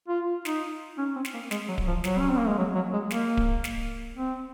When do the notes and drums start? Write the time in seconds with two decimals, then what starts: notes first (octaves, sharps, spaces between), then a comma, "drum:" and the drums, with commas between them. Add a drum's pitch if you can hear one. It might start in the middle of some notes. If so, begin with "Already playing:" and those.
0.08 F4
0.45 D#4, drum: snare
0.98 C#4
1.15 C4
1.25 drum: snare
1.34 A#3
1.51 G#3, drum: snare
1.68 F#3
1.78 drum: kick D1
1.87 F3
2.04 F#3, drum: snare
2.19 C#4
2.29 C4
2.38 A#3
2.47 G#3
2.58 F#3
2.75 F#3
2.93 G#3
3.10 A#3, drum: snare
3.37 drum: kick D1
3.64 drum: snare
4.17 C4